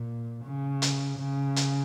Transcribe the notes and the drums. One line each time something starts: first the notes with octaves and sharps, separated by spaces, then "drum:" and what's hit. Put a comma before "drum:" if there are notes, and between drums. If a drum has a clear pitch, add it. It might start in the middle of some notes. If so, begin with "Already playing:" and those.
Already playing: A#2
C#3
drum: hi-hat
C#3
drum: hi-hat